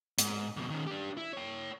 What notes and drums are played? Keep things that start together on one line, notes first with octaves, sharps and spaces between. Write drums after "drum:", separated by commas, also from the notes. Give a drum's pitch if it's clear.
G#2, drum: hi-hat
F2 B2
D#3 C#4
D4 G4
E4
C#5 G5